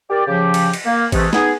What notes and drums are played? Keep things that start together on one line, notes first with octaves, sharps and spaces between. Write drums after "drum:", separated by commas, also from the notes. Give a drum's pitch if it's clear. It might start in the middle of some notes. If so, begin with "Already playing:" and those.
G4 A#4 D5
C#3 F3 G4
drum: cymbal
drum: cymbal
A#3
C3 E3 G#3 A3, drum: kick A1, cymbal
B3 D#4 G#4, drum: snare